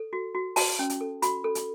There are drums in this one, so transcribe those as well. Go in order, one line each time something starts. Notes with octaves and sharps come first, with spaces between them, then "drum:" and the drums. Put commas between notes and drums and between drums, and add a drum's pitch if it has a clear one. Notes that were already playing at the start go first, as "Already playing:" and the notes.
Already playing: A4
F#4
F#4
F#4 A5, drum: open hi-hat
C#4
drum: hi-hat
A4
F#4 B5, drum: hi-hat
A4
drum: hi-hat